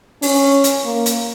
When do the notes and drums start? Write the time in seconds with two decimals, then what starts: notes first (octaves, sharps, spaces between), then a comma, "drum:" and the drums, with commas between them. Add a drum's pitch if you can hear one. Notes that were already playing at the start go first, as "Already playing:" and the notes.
0.22 C#4, drum: open hi-hat
0.64 drum: hi-hat
0.85 A#3
1.06 drum: hi-hat